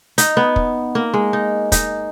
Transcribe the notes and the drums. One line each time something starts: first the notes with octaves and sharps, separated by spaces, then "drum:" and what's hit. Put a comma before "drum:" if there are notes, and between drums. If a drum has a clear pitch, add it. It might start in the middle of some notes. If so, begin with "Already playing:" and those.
D#4, drum: hi-hat
B3
drum: kick
A#3
G#3
D#4
D#4, drum: kick, hi-hat